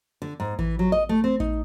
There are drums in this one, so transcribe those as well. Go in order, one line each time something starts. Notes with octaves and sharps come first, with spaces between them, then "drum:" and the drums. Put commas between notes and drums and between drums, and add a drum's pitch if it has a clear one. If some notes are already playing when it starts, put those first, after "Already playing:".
D3
G#2
E3, drum: kick A1
F#3
D#5
A3
C4
D#4, drum: kick A1